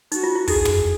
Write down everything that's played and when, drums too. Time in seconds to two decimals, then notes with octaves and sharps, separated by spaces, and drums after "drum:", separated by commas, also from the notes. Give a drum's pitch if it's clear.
0.12 D#4 F#4, drum: hi-hat
0.23 F4
0.35 E4
0.48 D#4 G#4, drum: kick, open hi-hat
0.65 drum: tom